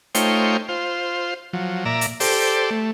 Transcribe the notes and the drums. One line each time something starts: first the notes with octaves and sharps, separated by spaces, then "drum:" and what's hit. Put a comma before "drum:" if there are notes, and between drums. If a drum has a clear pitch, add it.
A3 D#4 F4 C5 C#5 G5, drum: hi-hat
F4 C5
F3 F#3
A#2 D5 E5 A#5
drum: hi-hat
G4 A4 C5 D5, drum: open hi-hat
A3